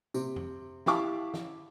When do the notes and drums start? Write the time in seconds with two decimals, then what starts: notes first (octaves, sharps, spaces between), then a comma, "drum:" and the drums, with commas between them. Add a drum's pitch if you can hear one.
0.14 C3, drum: tambourine
0.36 drum: tom F2
0.86 E4 G4 F5 A5 C#6 D6, drum: snare
1.34 drum: snare